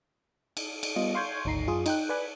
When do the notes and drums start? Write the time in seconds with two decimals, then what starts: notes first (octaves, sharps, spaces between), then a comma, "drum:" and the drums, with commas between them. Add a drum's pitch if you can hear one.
0.57 drum: cymbal
0.83 drum: cymbal
0.96 G3 B3 F4 D#5
1.15 F5 C6 C#6 G6 G#6
1.45 G#1 D2 D#4 A#5 C7
1.67 F#2 F4 G#4 C6 D#6
1.86 D#4 G5 F#6, drum: cymbal
2.09 B4 D5 G#5 B5 F#6